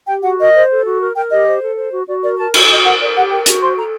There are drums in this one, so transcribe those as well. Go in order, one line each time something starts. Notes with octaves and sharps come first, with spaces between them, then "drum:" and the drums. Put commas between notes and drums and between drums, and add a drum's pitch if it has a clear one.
G4 G5
F#4 F#5
A#4 D#5
C5
A4
F#4
A#4
A#4 G5
G4 D#5
C5
A4
C5
F#4
F#4 D5
A#4 D5
A#4 A5
F#4, drum: cymbal
F#4 D#5
A#4 F#5
A#4 D5
G4 F#5
A#4 G5
F#4, drum: hi-hat
C5 C6
A4 A#5